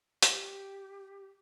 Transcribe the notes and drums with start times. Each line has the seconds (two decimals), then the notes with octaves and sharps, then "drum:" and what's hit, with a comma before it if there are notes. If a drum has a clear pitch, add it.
0.23 G4, drum: hi-hat